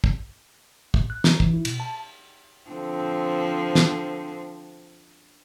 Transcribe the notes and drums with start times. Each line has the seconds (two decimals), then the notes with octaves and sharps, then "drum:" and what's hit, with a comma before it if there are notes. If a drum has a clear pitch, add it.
0.04 drum: kick
0.94 A2, drum: kick
1.10 F#6
1.24 A#5, drum: snare
1.40 E3, drum: kick
1.54 E4
1.65 B2, drum: cymbal
1.80 A5
2.70 D3 F3 C4
3.75 drum: snare